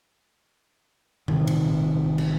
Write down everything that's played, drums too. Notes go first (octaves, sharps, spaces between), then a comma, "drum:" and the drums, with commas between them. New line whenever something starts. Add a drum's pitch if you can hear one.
A1 C3 D#3, drum: tom A#2
drum: cymbal
drum: cymbal